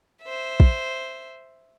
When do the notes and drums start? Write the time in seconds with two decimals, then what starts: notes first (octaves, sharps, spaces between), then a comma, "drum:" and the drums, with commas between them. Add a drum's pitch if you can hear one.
0.23 C5 E5
0.60 drum: kick